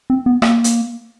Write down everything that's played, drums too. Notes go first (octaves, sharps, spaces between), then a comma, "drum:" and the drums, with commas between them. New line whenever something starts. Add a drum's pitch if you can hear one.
C4
B3
A#3, drum: rim click
drum: hi-hat